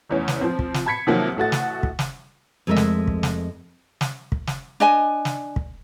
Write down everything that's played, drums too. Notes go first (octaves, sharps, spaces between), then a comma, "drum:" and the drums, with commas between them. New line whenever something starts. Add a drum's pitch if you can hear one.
F1 E2 C#4
drum: snare
F3 C4
drum: kick
drum: snare
A5 B5 G#6 B6 C#7
C3 D#3 F3 F#3 A#3 C4
A1 A3 F#4 A6
drum: snare
drum: kick
drum: snare
F2 G#3 A3 A#4 D#5 E5
drum: snare
drum: kick
drum: snare
drum: snare
drum: kick
drum: snare
D4 D#5 G#5
drum: snare
drum: kick